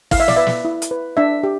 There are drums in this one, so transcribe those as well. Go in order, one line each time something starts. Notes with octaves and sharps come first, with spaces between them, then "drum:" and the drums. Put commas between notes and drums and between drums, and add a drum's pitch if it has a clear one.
E4 F5, drum: kick, open hi-hat
E5
D5, drum: snare
B4 E5
drum: snare
E4
drum: hi-hat
B4
D4 E5
G4